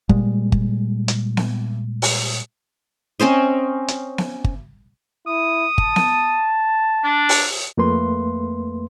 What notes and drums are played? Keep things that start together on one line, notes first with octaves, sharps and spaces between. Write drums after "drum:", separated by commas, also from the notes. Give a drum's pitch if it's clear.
A#2 G3 G#3, drum: kick G1
drum: kick G1
drum: hi-hat
drum: snare B3
drum: open hi-hat
C4 C#4 C5 D#5
drum: hi-hat
drum: snare B3
drum: kick G1
E4 D#6
A5, drum: kick G1
drum: snare B3
D4
drum: open hi-hat
F2 A3 A#3 B4 C6